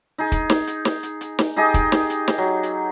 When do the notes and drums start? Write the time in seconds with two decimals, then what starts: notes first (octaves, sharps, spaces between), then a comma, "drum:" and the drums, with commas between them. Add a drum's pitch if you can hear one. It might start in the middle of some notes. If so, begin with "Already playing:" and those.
0.18 D#4 G#4
0.32 drum: kick, hi-hat
0.50 drum: snare
0.67 drum: hi-hat
0.85 drum: snare
1.03 drum: hi-hat
1.21 drum: hi-hat
1.39 drum: snare
1.56 D#4 G4 G#4 D#5
1.74 drum: kick, hi-hat
1.92 drum: snare
2.10 drum: hi-hat
2.28 drum: snare
2.38 F#3
2.63 drum: hi-hat